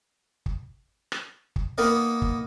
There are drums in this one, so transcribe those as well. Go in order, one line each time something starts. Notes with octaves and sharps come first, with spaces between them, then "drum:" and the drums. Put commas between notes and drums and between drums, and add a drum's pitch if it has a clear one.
drum: kick
drum: rim click
drum: kick
A#3 B3 D#4 A#4 D#5
drum: kick